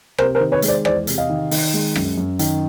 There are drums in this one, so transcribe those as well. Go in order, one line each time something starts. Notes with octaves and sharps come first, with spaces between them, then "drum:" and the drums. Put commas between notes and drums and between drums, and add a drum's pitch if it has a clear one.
C3 A#4 C5, drum: rim click
A#4 C5
D#3
B4 C#5
G#3, drum: hi-hat
C5 D5
E2 C5 D5, drum: rim click
C3, drum: hi-hat
D#5 F5
D#3
D#3, drum: open hi-hat
G#3
F#2, drum: rim click
F#2
D#3, drum: hi-hat